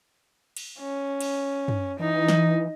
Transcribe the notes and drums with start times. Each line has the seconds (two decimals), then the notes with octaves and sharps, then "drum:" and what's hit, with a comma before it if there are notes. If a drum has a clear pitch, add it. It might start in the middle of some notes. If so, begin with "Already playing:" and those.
0.57 drum: cymbal
0.80 C#4
1.21 drum: cymbal
1.68 drum: tom
1.99 E3 D#4
2.28 drum: snare